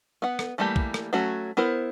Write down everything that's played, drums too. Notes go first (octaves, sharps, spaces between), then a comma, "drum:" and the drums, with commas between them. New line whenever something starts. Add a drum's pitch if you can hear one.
B3 F#5
drum: rim click
E3 G3 A3 A#3 G4
drum: kick
drum: rim click
F#3 A3 C#4 F#4
B3 E4 A#4 C5